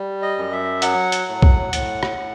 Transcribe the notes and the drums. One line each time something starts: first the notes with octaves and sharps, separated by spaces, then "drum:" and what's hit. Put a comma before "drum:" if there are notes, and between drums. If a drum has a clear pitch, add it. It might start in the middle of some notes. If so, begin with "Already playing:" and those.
Already playing: G3
D#5
F#2
E5
F#3 F#5, drum: hi-hat
drum: hi-hat
A2
drum: kick
A2, drum: hi-hat
drum: rim click
A2